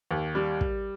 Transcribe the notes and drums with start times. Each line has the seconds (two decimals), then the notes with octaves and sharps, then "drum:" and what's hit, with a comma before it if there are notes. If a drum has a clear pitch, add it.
0.11 D#2
0.35 G3
0.61 drum: kick